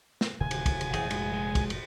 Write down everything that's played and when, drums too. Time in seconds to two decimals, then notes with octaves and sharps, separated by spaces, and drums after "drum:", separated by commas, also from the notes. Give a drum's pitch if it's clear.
0.21 drum: snare
0.41 D1 C3 D#3 G#5
0.51 drum: cymbal
0.66 drum: kick, cymbal
0.81 drum: cymbal
0.94 F1 A#2 E3 G#4, drum: cymbal
1.10 G#3, drum: cymbal
1.33 G#3
1.55 drum: kick, cymbal
1.70 drum: cymbal